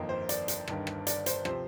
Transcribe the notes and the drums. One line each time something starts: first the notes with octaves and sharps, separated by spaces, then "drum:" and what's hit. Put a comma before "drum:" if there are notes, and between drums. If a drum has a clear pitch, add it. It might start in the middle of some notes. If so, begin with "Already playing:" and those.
Already playing: G1 F2 D#3 A#3 D#4
C5
D5, drum: hi-hat
drum: hi-hat
G1 G2 D#3, drum: rim click
drum: rim click
D5, drum: hi-hat
C5, drum: hi-hat
C3 F3 C5, drum: rim click